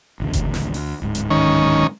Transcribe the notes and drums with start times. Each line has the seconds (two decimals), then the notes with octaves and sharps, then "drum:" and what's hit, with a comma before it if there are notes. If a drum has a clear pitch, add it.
0.20 A1 D2 C#3
0.33 drum: kick F#1, hi-hat
0.54 drum: snare
0.74 D2, drum: open hi-hat
1.02 D1 G#2
1.15 drum: hi-hat
1.30 D#3 C#4